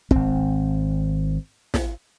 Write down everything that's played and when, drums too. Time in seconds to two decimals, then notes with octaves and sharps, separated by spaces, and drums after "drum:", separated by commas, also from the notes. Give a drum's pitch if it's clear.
0.11 G#1 C4, drum: kick
1.74 drum: snare